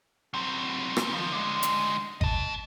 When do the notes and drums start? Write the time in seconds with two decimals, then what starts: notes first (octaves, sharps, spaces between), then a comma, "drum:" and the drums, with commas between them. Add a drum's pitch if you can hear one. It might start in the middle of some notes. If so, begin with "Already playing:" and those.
0.34 F#3 C4
0.97 drum: rim click
1.12 D#3 F3
1.32 D3 G#3
1.63 drum: hi-hat
2.21 D#5 A5, drum: kick G#1